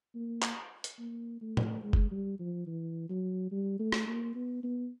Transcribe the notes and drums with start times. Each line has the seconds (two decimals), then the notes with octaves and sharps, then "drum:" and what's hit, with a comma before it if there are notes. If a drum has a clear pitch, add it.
0.15 A#3
0.42 drum: clap
0.84 drum: hi-hat
0.99 A#3
1.41 A3
1.57 drum: tom A2
1.83 G#3
1.93 drum: kick F#1
2.11 G3
2.39 F3
2.67 E3
3.09 F#3
3.51 G3
3.79 A3
3.92 drum: rim click
4.07 A#3
4.35 B3
4.64 B3